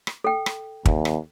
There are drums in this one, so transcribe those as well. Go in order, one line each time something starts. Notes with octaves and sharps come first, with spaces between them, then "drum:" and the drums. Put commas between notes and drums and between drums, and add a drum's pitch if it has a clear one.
drum: rim click
A4 G5
drum: rim click
D#2, drum: kick
drum: rim click